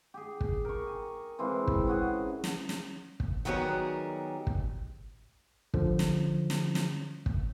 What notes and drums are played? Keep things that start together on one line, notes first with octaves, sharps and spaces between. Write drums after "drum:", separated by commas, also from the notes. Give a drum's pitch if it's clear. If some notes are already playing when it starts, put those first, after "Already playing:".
G4 G#4
drum: kick
A#4 C#6
G#5
E3 G#3 C4 F4
drum: kick
C#4 F#4 G#4
drum: snare
drum: snare
drum: kick
D#3 F#3 G3 B3 G#4 A#4
drum: kick
D3 F3, drum: kick
drum: snare
drum: snare
drum: snare
drum: kick